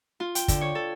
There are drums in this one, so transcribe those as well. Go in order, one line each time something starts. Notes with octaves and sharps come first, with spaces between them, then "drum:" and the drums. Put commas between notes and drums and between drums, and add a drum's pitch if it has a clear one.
F4
G5, drum: hi-hat
D3, drum: kick, hi-hat
C#5
A4